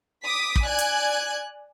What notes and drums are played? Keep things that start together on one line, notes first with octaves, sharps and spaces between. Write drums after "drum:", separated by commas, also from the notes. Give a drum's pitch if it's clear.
D6 D#6 B6
drum: kick
D5 G#5 F#6 G#6
drum: hi-hat